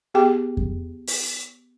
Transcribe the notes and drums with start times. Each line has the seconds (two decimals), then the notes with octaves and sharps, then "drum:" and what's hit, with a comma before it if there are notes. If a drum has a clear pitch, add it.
0.14 B3 G4 G#4 G5 D6
0.57 drum: kick F2
1.07 drum: open hi-hat